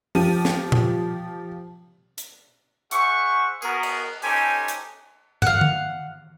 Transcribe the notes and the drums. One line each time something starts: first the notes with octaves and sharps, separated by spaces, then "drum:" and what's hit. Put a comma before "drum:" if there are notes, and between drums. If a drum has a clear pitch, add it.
F3 G4 D#7, drum: open hi-hat
drum: snare
drum: tom A#2
drum: hi-hat
G#4 C5 E5 F#5 C#6, drum: hi-hat
B3 F#4 G#4 A#4, drum: tambourine
drum: cymbal
C#4 D#4 G4 A4 C5 G#5, drum: open hi-hat
drum: hi-hat
F5 F#5, drum: tom
drum: tom D3